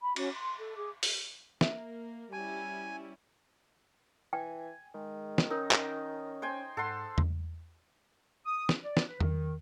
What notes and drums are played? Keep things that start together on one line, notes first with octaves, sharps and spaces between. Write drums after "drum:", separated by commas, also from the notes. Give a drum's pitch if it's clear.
B5
C#4 F#4 C#5, drum: cymbal
C6
A4
G#4 D6
drum: open hi-hat
A#3 A#4 E5, drum: snare
G3 C#4 E4 G#5 A5
E3 G5 G#5
D#3 G#3
drum: snare
C#4 D#4 A#4
drum: clap
C5 G5 G#5
G#2 A4 F#5 C6
drum: tom E2
D#6
drum: snare
D5
drum: snare
B4
D#3, drum: tom E2